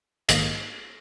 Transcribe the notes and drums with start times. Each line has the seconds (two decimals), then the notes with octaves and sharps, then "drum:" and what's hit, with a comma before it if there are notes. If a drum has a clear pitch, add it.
0.29 A#1 G#2 D#3 A#3 D#5, drum: hi-hat